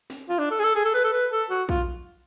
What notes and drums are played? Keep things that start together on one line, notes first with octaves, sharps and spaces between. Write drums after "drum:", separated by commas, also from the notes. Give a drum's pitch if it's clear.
drum: snare
F4
D4
A4
G#4
A4
G#4
A4
B4
A4
B4
A4
F#4
F4, drum: kick